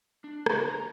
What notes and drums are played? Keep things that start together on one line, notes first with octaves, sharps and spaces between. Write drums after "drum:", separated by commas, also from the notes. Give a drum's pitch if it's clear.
D4
C#3, drum: rim click
A#5